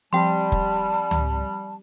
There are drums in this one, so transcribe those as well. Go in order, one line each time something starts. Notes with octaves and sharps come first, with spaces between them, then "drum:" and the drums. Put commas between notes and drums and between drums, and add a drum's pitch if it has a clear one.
F3 G3 C4 G4 G5 A5 C6
drum: kick F1
drum: tom C#2